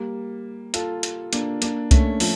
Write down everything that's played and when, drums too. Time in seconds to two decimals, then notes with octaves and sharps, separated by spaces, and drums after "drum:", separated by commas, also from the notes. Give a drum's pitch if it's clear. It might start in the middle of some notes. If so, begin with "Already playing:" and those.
Already playing: G3 A#3
0.74 F4 A4, drum: hi-hat
1.03 drum: hi-hat
1.33 A#3 D4, drum: hi-hat
1.62 A#3 D4, drum: hi-hat
1.91 A3 C#4, drum: kick C2, hi-hat
2.20 F3 A3, drum: open hi-hat